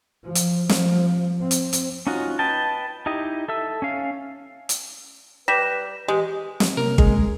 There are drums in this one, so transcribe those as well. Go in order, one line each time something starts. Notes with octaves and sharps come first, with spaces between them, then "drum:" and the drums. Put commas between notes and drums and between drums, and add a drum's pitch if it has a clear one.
F3
drum: hi-hat
F3, drum: snare
C4
drum: hi-hat
drum: hi-hat
C#4 D#4 F4 F#4
B4 D#5 G5 A5
D#4 E4 G4 D#5
A4 E5 E6
C#4 F5
drum: hi-hat
G3 B4 A#6 B6 E7
E3 G#3 G4
drum: snare
C3 A#3 C#4 A#4
G#3, drum: kick G1